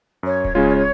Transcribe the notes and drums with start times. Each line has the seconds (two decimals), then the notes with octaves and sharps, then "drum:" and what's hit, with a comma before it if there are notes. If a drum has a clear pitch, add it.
0.23 F#2 C#5
0.45 drum: kick D1
0.55 C#3 G#3 C#4 F4